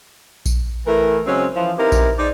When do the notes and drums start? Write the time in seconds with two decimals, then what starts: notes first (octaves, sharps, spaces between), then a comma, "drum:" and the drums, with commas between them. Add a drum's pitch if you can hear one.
0.46 drum: kick A#1, tambourine
0.86 E3 A3 A#4
1.26 C#3 F#3 G#3 C4 C#4
1.55 E3 F3
1.78 C4 D#4 E4 G4 A#4 B4
1.92 drum: kick A#1, tambourine
2.18 D#4 G#4 C5 D5